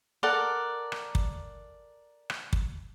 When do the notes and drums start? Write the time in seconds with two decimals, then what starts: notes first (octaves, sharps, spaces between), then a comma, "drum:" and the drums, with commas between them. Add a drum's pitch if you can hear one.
0.23 A4 A#4 D5 F#5
0.92 drum: rim click
1.15 drum: kick
2.30 drum: rim click
2.53 drum: kick